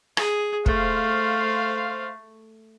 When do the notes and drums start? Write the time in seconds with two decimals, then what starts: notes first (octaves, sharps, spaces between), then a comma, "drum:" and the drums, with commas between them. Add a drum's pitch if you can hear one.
0.17 G#4, drum: rim click
0.66 A3 C5 F5, drum: kick